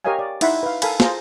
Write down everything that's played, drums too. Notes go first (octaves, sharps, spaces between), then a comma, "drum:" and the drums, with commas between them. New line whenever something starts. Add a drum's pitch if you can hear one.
G4 A#4 C#5 D#5 F5 G#5
D5
D#4 E4 E5 F#5 B5 C6, drum: cymbal
B4 F5
A4 A#4 F5 G#5 B5, drum: cymbal
F4 G#4 C5 A#5, drum: snare